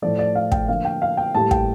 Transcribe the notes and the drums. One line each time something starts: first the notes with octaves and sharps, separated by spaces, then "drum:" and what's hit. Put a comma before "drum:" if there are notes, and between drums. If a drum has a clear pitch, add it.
A2 F3 A3 D5
D5
F5
G5, drum: kick
D3 F3 A#3 F5
G5
F5
G5
A2 G3 A#3 A5
G5, drum: kick